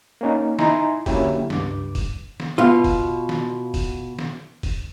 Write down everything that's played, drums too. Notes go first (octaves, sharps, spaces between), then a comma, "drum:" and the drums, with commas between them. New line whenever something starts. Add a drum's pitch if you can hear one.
A#3 C#4 D#4
D#4 E4 G#5 A#5 C6, drum: snare
D3 F#3 A#3 C#4 E4 G4, drum: kick, open hi-hat
C#2 G2 D6, drum: snare
drum: kick, open hi-hat
drum: snare
B2 F4
drum: kick, open hi-hat
drum: snare
drum: kick, open hi-hat
drum: snare
drum: kick, open hi-hat